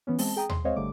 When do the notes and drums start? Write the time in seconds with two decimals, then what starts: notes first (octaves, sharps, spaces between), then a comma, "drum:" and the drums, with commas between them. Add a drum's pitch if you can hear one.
0.07 E3 B3 C#4
0.19 G#3 C4 A5, drum: open hi-hat
0.36 G#4 G5 A#5 D#6
0.49 C6, drum: tom D#2
0.64 G#3 C4 C5 C#5 D#5 F5
0.76 G#1 D3 G3 A3 D6